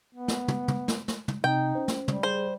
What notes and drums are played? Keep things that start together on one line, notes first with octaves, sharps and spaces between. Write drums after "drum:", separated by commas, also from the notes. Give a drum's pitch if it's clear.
B3
drum: snare
drum: tom
drum: tom
drum: snare
drum: snare
drum: tom
C3 C4 D#4 G5
C#4 C5
drum: snare
G3, drum: tom
G#4 C5